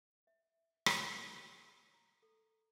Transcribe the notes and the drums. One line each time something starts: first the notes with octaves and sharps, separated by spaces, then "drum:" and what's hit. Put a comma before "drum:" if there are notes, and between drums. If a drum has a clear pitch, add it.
E5
drum: rim click
C#5
A#5
A4